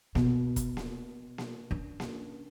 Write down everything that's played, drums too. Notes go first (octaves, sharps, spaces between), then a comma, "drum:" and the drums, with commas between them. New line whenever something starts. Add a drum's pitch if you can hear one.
B2, drum: snare A#3
drum: kick, hi-hat
drum: snare A#3
drum: snare A#3
C#4 D4
drum: snare A#3